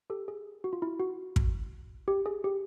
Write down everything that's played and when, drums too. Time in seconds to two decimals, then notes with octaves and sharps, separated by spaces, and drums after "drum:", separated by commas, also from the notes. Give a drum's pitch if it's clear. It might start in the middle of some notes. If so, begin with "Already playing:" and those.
0.10 G4 A4
0.28 G#4
0.64 F#4
0.73 F4
0.82 E4
1.00 F#4
1.36 drum: kick
2.08 G4
2.26 G#4
2.44 G4